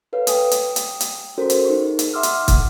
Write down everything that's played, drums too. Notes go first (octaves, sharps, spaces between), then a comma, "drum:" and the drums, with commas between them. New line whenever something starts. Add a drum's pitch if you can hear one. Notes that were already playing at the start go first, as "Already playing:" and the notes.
A4 B4 C#5 F5
G5 G#5 D#6, drum: hi-hat
drum: hi-hat
drum: hi-hat
drum: hi-hat
C#4 F#4 A4 A#4 C5
drum: hi-hat
D#4 G#4 A#4 C#6
drum: hi-hat
E5 F#5 C6 D6 E6 F6
drum: hi-hat
drum: kick, hi-hat